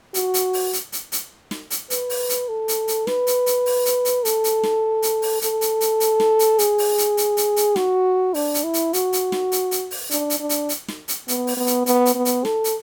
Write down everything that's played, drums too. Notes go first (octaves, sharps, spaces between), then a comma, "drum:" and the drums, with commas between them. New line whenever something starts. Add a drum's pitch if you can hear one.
F#4, drum: hi-hat
drum: hi-hat
drum: open hi-hat
drum: hi-hat
drum: hi-hat
drum: hi-hat
drum: snare
drum: hi-hat
B4, drum: hi-hat
drum: open hi-hat
drum: hi-hat
A4
drum: hi-hat
drum: hi-hat
B4, drum: snare
drum: hi-hat
drum: hi-hat
drum: open hi-hat
drum: hi-hat
drum: hi-hat
A4, drum: hi-hat
drum: hi-hat
drum: snare
drum: hi-hat
drum: open hi-hat
A4, drum: hi-hat
drum: hi-hat
drum: hi-hat
drum: hi-hat
drum: snare
drum: hi-hat
G#4, drum: hi-hat
drum: open hi-hat
drum: hi-hat
drum: hi-hat
drum: hi-hat
drum: hi-hat
F#4, drum: snare
D4, drum: open hi-hat
drum: hi-hat
E4
drum: hi-hat
F#4, drum: hi-hat
drum: hi-hat
drum: snare
drum: hi-hat
drum: hi-hat
drum: open hi-hat
D4, drum: hi-hat
drum: hi-hat
D4
drum: hi-hat
drum: hi-hat
drum: snare
drum: hi-hat
B3, drum: hi-hat
drum: open hi-hat
B3
drum: hi-hat
B3, drum: hi-hat
drum: hi-hat
B3
drum: hi-hat
A4, drum: snare
drum: hi-hat